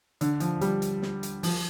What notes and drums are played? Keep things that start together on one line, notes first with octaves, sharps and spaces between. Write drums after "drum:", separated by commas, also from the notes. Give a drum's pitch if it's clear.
D3, drum: hi-hat
F3, drum: hi-hat
G3, drum: hi-hat
drum: hi-hat
drum: snare
drum: hi-hat
F3, drum: open hi-hat